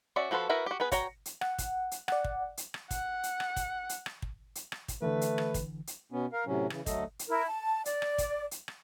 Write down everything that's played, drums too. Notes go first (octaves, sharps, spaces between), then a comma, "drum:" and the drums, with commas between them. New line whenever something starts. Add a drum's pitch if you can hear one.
C#4 F#4 D5 E5
F3 F#4 A4 B4 C5
E4 F#4 A#4 B4 E5
F#4 G4
B3 G#4 B4
F#4 C#5 G5 A#5, drum: kick, hi-hat
drum: hi-hat
F#5, drum: rim click
drum: kick, hi-hat
drum: hi-hat
D5 F#5, drum: rim click
drum: kick
drum: hi-hat
drum: rim click
F#5, drum: kick, hi-hat
drum: hi-hat
drum: rim click
drum: kick, hi-hat
drum: hi-hat
drum: rim click
drum: kick
drum: hi-hat
drum: rim click
drum: kick, hi-hat
D3 E3 A3 B4
drum: hi-hat
drum: rim click
drum: kick, hi-hat
drum: hi-hat
B2 B3 C#4
A#4 F5
A2 C3 F#3 C#4
C#3 E3, drum: rim click
D2 F#3 A3 A4 D#5, drum: kick, hi-hat
drum: hi-hat
E4 A#4
A5
D5, drum: hi-hat
drum: rim click
drum: kick, hi-hat
drum: hi-hat
drum: rim click